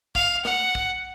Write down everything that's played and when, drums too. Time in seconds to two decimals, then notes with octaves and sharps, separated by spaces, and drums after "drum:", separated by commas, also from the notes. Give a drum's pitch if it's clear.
0.15 F5, drum: kick
0.45 F#5, drum: snare
0.75 drum: kick